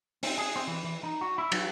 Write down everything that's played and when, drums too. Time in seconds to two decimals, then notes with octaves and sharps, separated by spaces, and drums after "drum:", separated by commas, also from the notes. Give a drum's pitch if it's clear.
0.23 C4, drum: open hi-hat
0.38 G#4
0.56 C4
0.67 E3
0.84 E3
1.03 D#4
1.21 F#4
1.38 E4
1.52 F#3, drum: cymbal